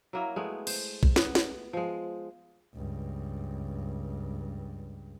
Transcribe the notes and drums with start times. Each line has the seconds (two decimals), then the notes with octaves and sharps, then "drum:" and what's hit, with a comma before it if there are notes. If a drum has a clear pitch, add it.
0.13 F#3 A#3 E4
0.36 G#3 A3 B3
0.67 C5, drum: cymbal
1.03 drum: kick B1
1.16 B3 B4, drum: snare
1.35 drum: snare
1.73 F3 G#3
2.75 C#2 G2